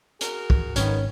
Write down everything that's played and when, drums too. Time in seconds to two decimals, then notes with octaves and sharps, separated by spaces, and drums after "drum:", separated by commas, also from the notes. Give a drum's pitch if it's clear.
0.21 F#4 G#4 A#4, drum: hi-hat
0.50 drum: kick
0.76 G#1 D#3 B3 C#4, drum: hi-hat